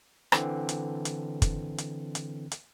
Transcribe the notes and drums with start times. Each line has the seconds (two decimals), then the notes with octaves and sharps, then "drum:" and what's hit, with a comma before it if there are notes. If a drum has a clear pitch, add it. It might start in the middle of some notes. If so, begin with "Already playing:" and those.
0.32 D3 E3 C4, drum: rim click
0.69 drum: hi-hat
1.05 drum: hi-hat
1.42 drum: kick, hi-hat
1.78 drum: hi-hat
2.15 drum: hi-hat
2.52 drum: hi-hat